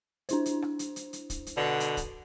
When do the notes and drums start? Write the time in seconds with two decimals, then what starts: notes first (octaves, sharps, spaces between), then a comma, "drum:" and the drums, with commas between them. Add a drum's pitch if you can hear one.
0.29 D4 E4 C5, drum: hi-hat
0.46 drum: hi-hat
0.62 drum: rim click
0.79 drum: hi-hat
0.96 drum: hi-hat
1.13 drum: hi-hat
1.30 drum: kick, hi-hat
1.47 drum: hi-hat
1.57 B2 D3
1.80 drum: hi-hat
1.97 drum: kick, hi-hat